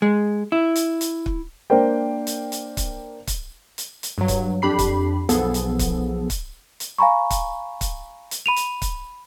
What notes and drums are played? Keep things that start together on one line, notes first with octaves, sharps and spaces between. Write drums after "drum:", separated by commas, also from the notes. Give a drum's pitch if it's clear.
G#3
E4
drum: hi-hat
drum: hi-hat
drum: kick
A#3 D4 A#4 C5 G5
drum: hi-hat
drum: hi-hat
drum: kick, hi-hat
drum: kick, hi-hat
drum: hi-hat
drum: hi-hat
G2 F#3
drum: kick, hi-hat
F2 D4 G4 B5 C7
drum: kick, hi-hat
B1 F3 B3 G#4 A4, drum: hi-hat
drum: hi-hat
drum: kick, hi-hat
drum: kick, hi-hat
drum: hi-hat
F5 G#5 A#5 B5 C#6
drum: kick, hi-hat
drum: kick, hi-hat
drum: hi-hat
B5 D#7 F7
drum: hi-hat
drum: kick, hi-hat